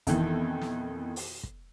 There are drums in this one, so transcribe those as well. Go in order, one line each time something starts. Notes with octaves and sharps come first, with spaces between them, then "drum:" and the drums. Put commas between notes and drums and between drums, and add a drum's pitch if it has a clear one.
F2 B2 D#3 E3, drum: kick, hi-hat
drum: snare
drum: open hi-hat
drum: kick